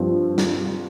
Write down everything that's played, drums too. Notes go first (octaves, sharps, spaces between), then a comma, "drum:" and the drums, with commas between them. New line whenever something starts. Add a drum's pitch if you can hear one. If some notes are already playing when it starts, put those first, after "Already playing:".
Already playing: G2 F3 C4
drum: snare